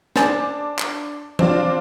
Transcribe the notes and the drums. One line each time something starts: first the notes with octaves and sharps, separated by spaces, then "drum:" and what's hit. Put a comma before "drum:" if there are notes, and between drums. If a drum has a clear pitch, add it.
D4 G#4 C5 A5, drum: snare
drum: clap
C4 D4 F4, drum: tom E3